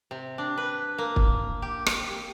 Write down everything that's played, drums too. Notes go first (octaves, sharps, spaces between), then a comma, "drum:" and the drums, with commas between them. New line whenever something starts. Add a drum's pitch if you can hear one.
C3
D4
B4
A#3
drum: kick
G4
drum: rim click